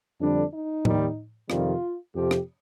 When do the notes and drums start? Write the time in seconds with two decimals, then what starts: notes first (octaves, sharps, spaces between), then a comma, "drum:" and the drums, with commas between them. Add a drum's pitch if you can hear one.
0.21 F2 D3 G3 D4
0.52 D#4
0.85 D#2 D#3 G3, drum: tom A2
1.50 F2 C3 D#3 G3 F4, drum: rim click
2.15 F2 C3 F3 G4
2.31 drum: rim click